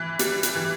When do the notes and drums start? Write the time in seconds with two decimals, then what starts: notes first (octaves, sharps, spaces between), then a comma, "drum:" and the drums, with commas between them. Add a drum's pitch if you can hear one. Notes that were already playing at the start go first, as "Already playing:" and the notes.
Already playing: E3
0.19 G3, drum: hi-hat
0.43 drum: hi-hat
0.55 E3